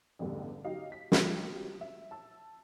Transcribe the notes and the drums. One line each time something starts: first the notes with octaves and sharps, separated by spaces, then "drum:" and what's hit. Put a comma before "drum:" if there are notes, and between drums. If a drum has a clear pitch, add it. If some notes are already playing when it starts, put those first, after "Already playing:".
A1 E2 G2 D3 G3
F#3 D#4 G4 D#5 F5
B6
F3 F#3 G4, drum: snare
E5
A5 E6